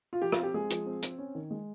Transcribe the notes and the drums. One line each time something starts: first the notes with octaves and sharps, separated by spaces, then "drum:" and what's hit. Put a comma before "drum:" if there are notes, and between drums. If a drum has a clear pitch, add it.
F4
F3 G4
F4, drum: rim click
C4 G4
G#3 G#4
F3, drum: hi-hat
C4
C4, drum: hi-hat
C#4
D#3
G#3